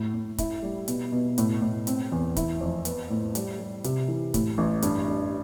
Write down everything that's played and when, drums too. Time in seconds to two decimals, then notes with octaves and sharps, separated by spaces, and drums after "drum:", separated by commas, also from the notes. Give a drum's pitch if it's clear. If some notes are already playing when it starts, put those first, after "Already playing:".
Already playing: A2
0.14 A2
0.38 E4, drum: kick, hi-hat
0.63 G3
0.88 B2, drum: hi-hat
1.12 B2
1.38 A2, drum: hi-hat
1.62 A2
1.87 C4, drum: hi-hat
2.12 E2
2.36 E4, drum: kick, hi-hat
2.61 F2
2.85 B3, drum: hi-hat
3.10 A2
3.35 G3, drum: hi-hat
3.59 G3
3.84 C3, drum: hi-hat
4.08 E3
4.34 A2, drum: kick, hi-hat
4.58 A1
4.82 G2, drum: hi-hat
5.08 G2